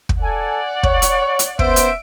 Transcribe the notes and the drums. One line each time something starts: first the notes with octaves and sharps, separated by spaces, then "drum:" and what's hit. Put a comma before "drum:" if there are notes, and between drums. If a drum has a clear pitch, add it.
drum: kick
A4 D5 F#5 G#5
C#5 C#6, drum: kick
drum: hi-hat
drum: hi-hat
B3 C#4 C5 E5 D7, drum: kick
drum: hi-hat